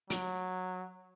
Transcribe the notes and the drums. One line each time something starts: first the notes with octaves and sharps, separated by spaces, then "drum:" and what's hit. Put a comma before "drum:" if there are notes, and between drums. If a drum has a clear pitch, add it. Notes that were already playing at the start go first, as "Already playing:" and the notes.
F#3, drum: hi-hat